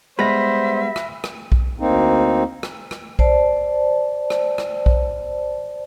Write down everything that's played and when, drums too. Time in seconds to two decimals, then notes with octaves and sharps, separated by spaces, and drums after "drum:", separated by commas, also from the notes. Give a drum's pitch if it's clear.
0.19 G3 G#3 B3 C5 E5 B5 A#6
0.96 drum: rim click
1.24 drum: rim click
1.52 drum: kick B1
1.80 D2 A#3 C4 D#4
2.63 drum: rim click
2.91 drum: rim click
3.19 C5 D5 A5, drum: kick B1
4.30 drum: rim click
4.58 drum: rim click
4.86 drum: kick B1